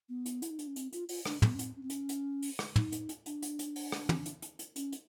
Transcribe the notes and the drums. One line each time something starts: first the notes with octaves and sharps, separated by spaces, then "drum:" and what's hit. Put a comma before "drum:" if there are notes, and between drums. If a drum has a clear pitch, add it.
B3
drum: hi-hat
E4, drum: hi-hat
D#4
D4, drum: hi-hat
C#4
C4, drum: hi-hat
F4, drum: hi-hat
F4, drum: open hi-hat
D4, drum: rim click
B3, drum: tom
C#4
C4, drum: hi-hat
C#4
C4
C#4, drum: hi-hat
drum: hi-hat
drum: open hi-hat
drum: rim click
D#4, drum: tom
drum: hi-hat
drum: hi-hat
D4, drum: hi-hat
drum: hi-hat
drum: hi-hat
drum: open hi-hat
drum: rim click
drum: tom
drum: hi-hat
drum: hi-hat
drum: hi-hat
C#4, drum: hi-hat
drum: hi-hat